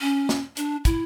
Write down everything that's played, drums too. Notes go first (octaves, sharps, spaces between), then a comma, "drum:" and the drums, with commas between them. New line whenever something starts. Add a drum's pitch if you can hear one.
C#4
drum: snare
D4, drum: hi-hat
E4, drum: kick, hi-hat